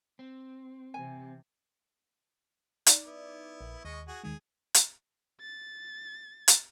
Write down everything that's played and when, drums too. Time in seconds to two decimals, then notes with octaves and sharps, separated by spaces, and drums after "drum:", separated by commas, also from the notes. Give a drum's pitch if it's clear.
0.19 C4
0.94 C3 E3 G#5
2.86 D#4 D5 D6, drum: hi-hat
3.07 B3 E4
3.61 A#1
3.85 D#2 G#3 D#5 C#6
4.08 F#4 G#4
4.24 D#2 D#3 G#3 G#4
4.74 drum: hi-hat
5.41 A6
6.48 drum: hi-hat